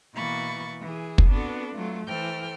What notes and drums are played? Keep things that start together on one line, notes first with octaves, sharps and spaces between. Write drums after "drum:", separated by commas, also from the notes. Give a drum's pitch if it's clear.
B2 E3 A#3 B5 C#6 A6
E3 G#4
drum: kick
B3 C4 D4 F#4 A4 B4
F#3 A3 F4
E3 A4 C5 G5 F6